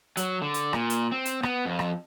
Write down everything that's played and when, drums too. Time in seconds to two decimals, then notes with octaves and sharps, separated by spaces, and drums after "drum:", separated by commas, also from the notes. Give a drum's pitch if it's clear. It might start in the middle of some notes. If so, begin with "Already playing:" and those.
0.17 F#3, drum: hi-hat
0.42 D3
0.54 drum: hi-hat
0.73 A#2, drum: rim click
0.90 drum: hi-hat
1.12 C4
1.25 drum: hi-hat
1.43 B3, drum: rim click
1.65 F2
1.79 drum: rim click